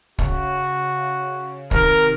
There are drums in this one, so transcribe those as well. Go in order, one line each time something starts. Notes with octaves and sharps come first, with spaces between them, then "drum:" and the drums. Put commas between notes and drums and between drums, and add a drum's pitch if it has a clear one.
C#3 F#4, drum: kick
C3 D#3 A#4, drum: kick